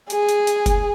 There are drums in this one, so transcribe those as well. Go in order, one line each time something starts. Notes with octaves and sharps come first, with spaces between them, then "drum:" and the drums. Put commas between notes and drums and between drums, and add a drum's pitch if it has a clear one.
G#4, drum: hi-hat
drum: hi-hat
drum: hi-hat
drum: kick, hi-hat